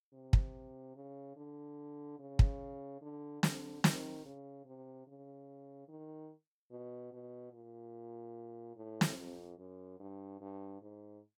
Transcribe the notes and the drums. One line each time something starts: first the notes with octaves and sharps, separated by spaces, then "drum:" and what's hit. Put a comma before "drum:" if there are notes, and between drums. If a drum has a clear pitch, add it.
C3
drum: kick
C#3
D3
C#3
drum: kick
D3
D3, drum: snare
D#3, drum: snare
C#3
C3
C#3
D#3
B2
B2
A#2
A2
drum: snare
F2
F#2
G2
G2
G#2